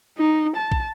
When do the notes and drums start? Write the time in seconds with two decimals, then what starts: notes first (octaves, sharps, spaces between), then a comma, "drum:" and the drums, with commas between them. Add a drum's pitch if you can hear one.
0.18 D#4
0.56 A5
0.72 drum: kick